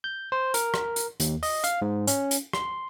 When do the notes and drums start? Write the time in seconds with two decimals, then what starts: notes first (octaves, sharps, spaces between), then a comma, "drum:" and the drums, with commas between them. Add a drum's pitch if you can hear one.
0.04 G6
0.32 C5
0.54 A#4, drum: hi-hat
0.74 drum: rim click
0.96 drum: hi-hat
1.20 D#2, drum: hi-hat
1.43 D#5, drum: open hi-hat
1.64 F5, drum: hi-hat
1.82 G#2
2.07 C#4, drum: hi-hat
2.31 drum: hi-hat
2.53 C6, drum: rim click